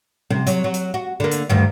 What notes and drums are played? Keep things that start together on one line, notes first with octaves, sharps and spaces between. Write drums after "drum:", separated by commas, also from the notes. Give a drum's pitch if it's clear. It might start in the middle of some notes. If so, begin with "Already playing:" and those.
C3, drum: tom G3
F#3, drum: hi-hat
F#3
drum: hi-hat
F#4
D3 A#3
drum: hi-hat
D2 G2 D#3